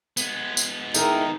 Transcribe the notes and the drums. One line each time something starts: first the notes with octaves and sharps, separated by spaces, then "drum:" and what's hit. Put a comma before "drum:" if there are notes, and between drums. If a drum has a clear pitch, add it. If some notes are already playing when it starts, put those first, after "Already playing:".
G#3 B3, drum: tambourine
drum: tambourine
D#3 D#4 E4 G#4 A#4, drum: tambourine